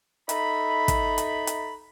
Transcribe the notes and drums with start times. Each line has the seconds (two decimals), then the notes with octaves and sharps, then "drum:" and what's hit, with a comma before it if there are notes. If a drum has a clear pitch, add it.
0.29 D#4 A4 E5 A#5 B5, drum: hi-hat
0.88 drum: kick, hi-hat
1.18 drum: hi-hat
1.47 drum: hi-hat